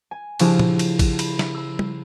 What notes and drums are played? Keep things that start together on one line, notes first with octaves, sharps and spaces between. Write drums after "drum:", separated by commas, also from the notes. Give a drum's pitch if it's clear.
G#5
C#3 F3 D4 E4 G4, drum: cymbal
drum: tom
drum: cymbal
drum: kick, cymbal
B5, drum: cymbal
drum: snare
B5 E6
drum: tom